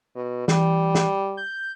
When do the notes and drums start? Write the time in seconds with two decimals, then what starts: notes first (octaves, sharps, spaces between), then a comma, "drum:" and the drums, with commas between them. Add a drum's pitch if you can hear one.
0.15 B2
0.48 E3 G3, drum: snare
0.95 drum: snare
1.37 G6